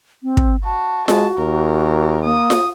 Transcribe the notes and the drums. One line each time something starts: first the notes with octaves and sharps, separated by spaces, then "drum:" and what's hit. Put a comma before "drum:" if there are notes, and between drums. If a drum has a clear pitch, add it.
C4
drum: kick
F#4 A5
G#3 F#4 A5, drum: snare F4
D#2 A#4
A#3 D#6
drum: snare F4